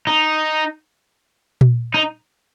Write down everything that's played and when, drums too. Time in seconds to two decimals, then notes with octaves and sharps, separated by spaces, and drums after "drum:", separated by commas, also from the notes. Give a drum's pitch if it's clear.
0.07 D#4
1.61 drum: tom A#2
1.94 D#4